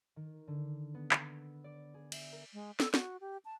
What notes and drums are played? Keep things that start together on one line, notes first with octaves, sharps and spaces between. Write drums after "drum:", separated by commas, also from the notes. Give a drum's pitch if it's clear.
D#3
D3
B3
drum: clap
E6
D5
G#4
E5, drum: cymbal
A#4
G#3
A4, drum: snare
F#4, drum: snare
G4
A5